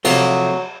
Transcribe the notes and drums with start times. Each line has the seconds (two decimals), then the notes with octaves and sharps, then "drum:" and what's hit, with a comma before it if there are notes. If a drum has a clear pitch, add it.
0.05 C3 F3 F#3 A3, drum: cymbal